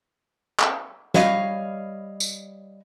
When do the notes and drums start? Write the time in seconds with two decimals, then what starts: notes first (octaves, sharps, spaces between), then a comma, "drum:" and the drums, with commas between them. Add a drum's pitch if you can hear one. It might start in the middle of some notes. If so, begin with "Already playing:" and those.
0.60 drum: clap
1.14 G3 C#5 D#5 F5, drum: snare
2.20 drum: tambourine